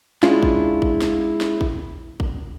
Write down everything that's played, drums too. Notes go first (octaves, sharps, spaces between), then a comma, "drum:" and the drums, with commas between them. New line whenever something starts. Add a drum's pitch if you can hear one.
G#3 C#4 D4 E4 F4, drum: snare
drum: kick
drum: kick
drum: snare
drum: snare
drum: kick
drum: kick